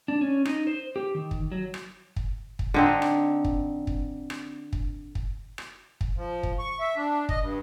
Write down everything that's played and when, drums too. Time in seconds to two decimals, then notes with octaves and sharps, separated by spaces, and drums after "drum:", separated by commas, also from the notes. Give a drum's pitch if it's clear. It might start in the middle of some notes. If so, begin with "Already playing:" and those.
0.08 D4
0.21 C#4
0.45 D#4, drum: rim click
0.67 C5
0.96 G4
1.15 D#3
1.31 drum: kick
1.52 F#3
1.74 drum: rim click
2.16 drum: kick
2.59 drum: kick
2.74 D3 C4 D#4
3.02 drum: rim click
3.45 drum: kick
3.87 drum: kick
4.30 drum: rim click
4.73 drum: kick
5.15 drum: kick
5.58 drum: rim click
6.01 drum: kick
6.16 F3
6.43 drum: kick
6.59 C#6
6.80 E5
6.97 D4
7.29 D#5, drum: kick
7.41 G2